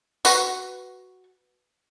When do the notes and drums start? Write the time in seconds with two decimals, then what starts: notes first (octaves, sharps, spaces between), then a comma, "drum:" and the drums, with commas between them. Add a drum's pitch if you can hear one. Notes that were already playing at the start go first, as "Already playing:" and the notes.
0.25 F#4 B4 C#6, drum: tambourine